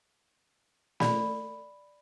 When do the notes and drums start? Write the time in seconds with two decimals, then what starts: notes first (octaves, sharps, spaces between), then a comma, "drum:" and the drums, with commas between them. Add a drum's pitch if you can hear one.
1.00 D5 B5, drum: snare